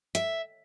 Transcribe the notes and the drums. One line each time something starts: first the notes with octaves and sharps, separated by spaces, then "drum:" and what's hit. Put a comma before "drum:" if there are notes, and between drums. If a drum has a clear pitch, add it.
E5, drum: hi-hat